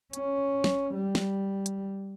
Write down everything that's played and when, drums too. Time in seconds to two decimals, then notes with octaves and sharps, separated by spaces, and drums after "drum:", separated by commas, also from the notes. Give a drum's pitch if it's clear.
0.13 C#4, drum: hi-hat
0.64 drum: snare
0.94 G3
1.15 drum: snare
1.66 drum: hi-hat